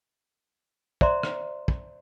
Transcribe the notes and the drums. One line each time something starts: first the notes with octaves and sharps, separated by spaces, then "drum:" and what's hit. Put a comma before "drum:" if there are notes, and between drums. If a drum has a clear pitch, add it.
C5 D5 E5 A#5 C6, drum: kick
drum: rim click
drum: kick